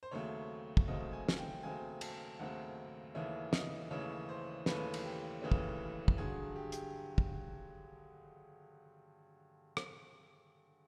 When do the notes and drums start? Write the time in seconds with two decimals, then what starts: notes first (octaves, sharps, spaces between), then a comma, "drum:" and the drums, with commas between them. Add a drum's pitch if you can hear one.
0.03 C5
0.11 D#2 C#3 F#3 A3 C4 C#5
0.77 drum: kick
0.88 D#2 C#3 F#3 A3 C4 D#5
1.13 G#5
1.29 drum: snare
1.38 G5
1.63 D#2 C#3 F#3 A3 C4 G#5
2.01 A5, drum: cymbal
2.39 D#2 C#3 F#3 A3 C4 F#5
3.15 D#2 C#3 E3 A3 C#4 E5
3.53 D#5, drum: snare
3.90 D#2 C#3 E3 A3 C#4 C#5
4.29 C5
4.66 D#2 C#3 E3 A3 C#4 B4, drum: snare
4.94 drum: cymbal
5.04 G4
5.42 D#2 C#3 E3 A3 C#4
5.52 drum: kick
6.08 drum: kick
6.18 G2 D3 F#3 G#4
6.56 G4
6.72 G4, drum: hi-hat
7.18 drum: kick
9.77 drum: rim click